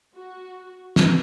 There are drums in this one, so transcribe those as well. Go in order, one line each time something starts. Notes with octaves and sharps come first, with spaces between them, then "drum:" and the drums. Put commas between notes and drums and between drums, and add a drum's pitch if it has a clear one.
F#4
drum: snare